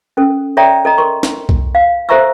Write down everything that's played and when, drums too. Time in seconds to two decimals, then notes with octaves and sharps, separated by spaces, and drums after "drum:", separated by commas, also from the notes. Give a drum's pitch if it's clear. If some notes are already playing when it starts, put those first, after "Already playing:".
0.17 C#4 A4
0.57 A4 C#5 D5 E5 G5 A#5
0.85 A4 D#5 A#5
0.98 A4 A#4 C6 C#6
1.23 drum: snare
1.49 drum: kick B1
1.75 F5
2.09 A4 C5 E5 A#5 C#6 E6